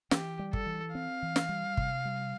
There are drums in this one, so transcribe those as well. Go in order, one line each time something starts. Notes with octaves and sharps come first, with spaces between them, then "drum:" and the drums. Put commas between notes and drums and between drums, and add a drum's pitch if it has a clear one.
E3 G4, drum: snare
G3
A4, drum: kick
E3
C4 F5
E3
drum: snare
G3
C3, drum: kick
G3